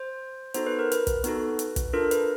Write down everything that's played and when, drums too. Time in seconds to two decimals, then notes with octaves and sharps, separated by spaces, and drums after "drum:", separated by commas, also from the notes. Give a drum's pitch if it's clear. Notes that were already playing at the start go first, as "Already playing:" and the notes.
Already playing: C5
0.54 B3 D#4 F#4 A4 C5, drum: hi-hat
0.67 B4
0.79 A#4
0.92 B4, drum: hi-hat
1.07 drum: kick, hi-hat
1.24 B3 D#4 F#4 A4, drum: hi-hat
1.59 drum: hi-hat
1.76 drum: kick, hi-hat
1.93 D4 F4 A4 A#4
2.11 B4, drum: hi-hat